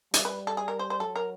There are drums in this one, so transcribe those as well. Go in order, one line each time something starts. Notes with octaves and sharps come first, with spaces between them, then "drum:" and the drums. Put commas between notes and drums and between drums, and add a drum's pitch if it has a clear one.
G3 E5, drum: hi-hat
B4
A4
G#4
A#4
C5
C5
F#3 A4
A#4